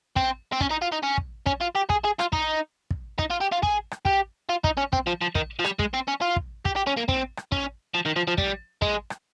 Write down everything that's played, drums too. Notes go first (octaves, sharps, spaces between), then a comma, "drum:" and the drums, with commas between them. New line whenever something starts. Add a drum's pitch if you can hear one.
C4, drum: kick
C4
C#4, drum: kick
D#4
F4
D#4
C#4
drum: kick
C#4, drum: kick
F4
G4
G#4, drum: kick
G#4
F4, drum: rim click
D#4, drum: kick
drum: kick
D#4, drum: kick
F4
G4
F4
G#4, drum: kick
drum: rim click
G4, drum: kick
F4
D#4, drum: kick
C#4
C4, drum: kick
F3
F3
D#3, drum: kick
F3
G3, drum: rim click
G#3, drum: kick
C4
C#4
F4
drum: kick
G4, drum: kick
G4
C#4
A#3
C4, drum: kick
drum: rim click
C#4, drum: kick
F3
D#3
F3
F3
G3, drum: kick
G#3, drum: kick
drum: rim click